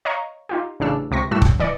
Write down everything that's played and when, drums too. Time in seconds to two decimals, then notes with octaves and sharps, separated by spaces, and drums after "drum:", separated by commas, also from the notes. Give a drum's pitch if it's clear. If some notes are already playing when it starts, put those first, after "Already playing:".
0.05 C#5 D#5 F5 A#5 C#6
0.49 D#4 F4 G4
0.80 A1 C#3 D4 E6
1.11 C#2 C3 C#6 A#6
1.31 A2 G3 D4 F#4 E6
1.42 drum: kick
1.60 E3 D5 D#5 C#7